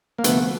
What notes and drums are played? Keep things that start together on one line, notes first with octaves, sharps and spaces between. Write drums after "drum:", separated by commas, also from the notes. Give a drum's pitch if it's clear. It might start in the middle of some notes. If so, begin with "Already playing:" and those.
A#3
D2 C3 F3 A3 B3, drum: hi-hat